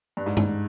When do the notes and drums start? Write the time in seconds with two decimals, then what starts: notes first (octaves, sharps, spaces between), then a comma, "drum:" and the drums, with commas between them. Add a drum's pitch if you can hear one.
0.17 G2
0.26 G#2
0.37 G#2, drum: tom G2